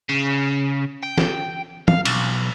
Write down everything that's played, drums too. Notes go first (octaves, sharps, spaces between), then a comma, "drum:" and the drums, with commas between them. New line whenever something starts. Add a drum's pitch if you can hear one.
C#3
G5
drum: snare
F5, drum: tom
B1, drum: cymbal